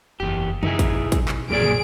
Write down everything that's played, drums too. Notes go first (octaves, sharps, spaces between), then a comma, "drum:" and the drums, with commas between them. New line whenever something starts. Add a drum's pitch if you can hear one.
F#1 E2 G4
F#2 D#4 E4 G#4, drum: tom
drum: kick, hi-hat
B1
drum: kick, hi-hat
drum: clap
F#2 A#2 G#4 D5 D7
drum: tom